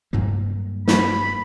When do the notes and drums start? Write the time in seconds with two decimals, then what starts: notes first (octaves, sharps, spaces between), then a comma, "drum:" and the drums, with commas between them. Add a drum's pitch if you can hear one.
0.13 G2 F#3 A#3
0.88 B5, drum: snare